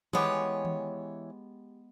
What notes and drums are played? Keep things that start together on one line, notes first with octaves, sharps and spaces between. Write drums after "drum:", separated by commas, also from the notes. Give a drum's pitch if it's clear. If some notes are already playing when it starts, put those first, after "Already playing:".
E3 G#3 B3 G4 C#5, drum: tom D#3
drum: tom D#3